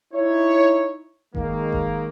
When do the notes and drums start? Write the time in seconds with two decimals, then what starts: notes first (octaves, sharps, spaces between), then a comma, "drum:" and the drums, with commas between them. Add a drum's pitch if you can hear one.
0.13 D#4 E4 C#5
1.35 D#3 G#3 A#3, drum: kick G1
1.72 drum: kick G1